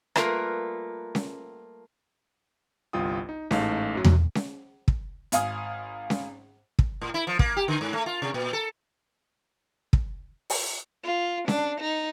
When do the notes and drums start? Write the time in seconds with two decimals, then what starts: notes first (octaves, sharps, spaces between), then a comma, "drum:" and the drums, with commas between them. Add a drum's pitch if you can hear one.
0.16 G3 A3 A#3 F4 A#4 B4, drum: rim click
1.15 drum: snare C#4
2.93 G1 C2 F4 G5 D#6
3.29 D#4
3.51 A1 G#2 A3 D#4 F5 A5, drum: snare C#4
3.95 F#2 F#3
4.05 drum: tom E2
4.35 drum: snare C#4
4.88 drum: kick
5.32 G#1 F5 G#5 D#6, drum: hi-hat
6.10 drum: snare C#4
6.79 drum: kick
7.01 A2
7.14 E4
7.27 F3
7.39 A#3, drum: kick
7.57 G4
7.68 D3
7.81 G#2
7.93 A3
8.06 F4
8.22 C3
8.34 A#2
8.53 A4
9.93 drum: kick
10.50 drum: open hi-hat
11.04 F4
11.48 D4, drum: snare C#4
11.80 D#4